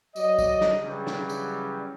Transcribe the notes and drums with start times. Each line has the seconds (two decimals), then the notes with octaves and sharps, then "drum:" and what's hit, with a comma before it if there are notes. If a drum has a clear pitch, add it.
0.16 F#3 D5 D#5, drum: tambourine
0.39 drum: kick A#1, tambourine
0.61 drum: snare
0.81 C#3 E3 F#3 G3
1.07 drum: snare
1.29 drum: tambourine